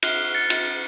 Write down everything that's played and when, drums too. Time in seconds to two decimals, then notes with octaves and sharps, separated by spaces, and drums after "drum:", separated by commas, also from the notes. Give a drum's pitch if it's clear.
0.03 F6 F#6 C7 G7, drum: cymbal
0.35 A6 C#7
0.50 drum: cymbal